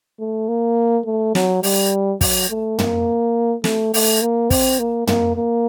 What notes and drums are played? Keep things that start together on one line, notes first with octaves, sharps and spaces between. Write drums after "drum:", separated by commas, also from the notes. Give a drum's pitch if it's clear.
A3
A#3
A3
F#3, drum: snare
G3, drum: open hi-hat
F#3, drum: kick, open hi-hat
A3
A#3, drum: tom
A3, drum: snare
A3, drum: open hi-hat
A#3
C4, drum: kick, open hi-hat
A#3
A#3, drum: tom
A#3